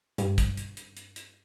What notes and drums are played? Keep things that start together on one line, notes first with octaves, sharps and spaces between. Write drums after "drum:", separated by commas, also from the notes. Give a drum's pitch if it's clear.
G2, drum: hi-hat
drum: kick, hi-hat
drum: hi-hat
drum: hi-hat
drum: hi-hat
drum: hi-hat